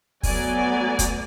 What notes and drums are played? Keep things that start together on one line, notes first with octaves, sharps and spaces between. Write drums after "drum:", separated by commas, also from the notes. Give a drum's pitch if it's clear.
F#3 A3 B3 D5 G#5, drum: kick, open hi-hat
drum: kick, hi-hat